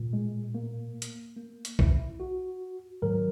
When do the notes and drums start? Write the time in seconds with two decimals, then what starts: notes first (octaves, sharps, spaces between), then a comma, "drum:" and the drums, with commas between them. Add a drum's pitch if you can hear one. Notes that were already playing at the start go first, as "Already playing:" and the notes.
Already playing: A#2
0.13 G#3
0.54 A#3
1.02 drum: hi-hat
1.37 A#3
1.65 drum: hi-hat
1.79 E4, drum: kick B1
2.20 F#4
3.02 G#2 D#3 F#3 A#4